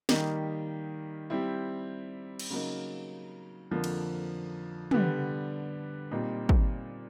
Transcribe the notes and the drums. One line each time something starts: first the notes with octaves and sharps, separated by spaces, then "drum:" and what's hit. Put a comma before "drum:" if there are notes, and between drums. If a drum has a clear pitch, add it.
D#3 G3 A#3 D#4 G4, drum: snare
G3 C4 E4
drum: cymbal
C#3 F#3 A#3 D#4
F2 D3 F3 A#3
drum: cymbal
D3 G3 B3, drum: tom
A#2 G3 C4 D#4
drum: kick